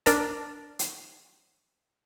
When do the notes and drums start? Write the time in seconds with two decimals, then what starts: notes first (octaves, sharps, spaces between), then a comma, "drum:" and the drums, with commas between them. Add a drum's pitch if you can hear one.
0.06 D4 A#4 A5, drum: hi-hat
0.79 drum: hi-hat